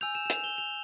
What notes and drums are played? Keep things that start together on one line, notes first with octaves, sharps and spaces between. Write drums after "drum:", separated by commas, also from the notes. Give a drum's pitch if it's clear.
G#5 E6 G6 F7
E7
E7
F7, drum: hi-hat
G7
F7